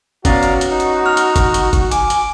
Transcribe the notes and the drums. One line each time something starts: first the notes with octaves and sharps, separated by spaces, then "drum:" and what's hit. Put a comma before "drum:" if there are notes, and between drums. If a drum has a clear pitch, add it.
B3 C#4 F#4 D5 F5 A#5, drum: kick F#1, hi-hat
drum: hi-hat
drum: hi-hat
D#4
drum: hi-hat
F6
drum: hi-hat
drum: kick F#1, hi-hat
drum: hi-hat
drum: kick F#1, hi-hat
G#5 D6, drum: hi-hat
drum: hi-hat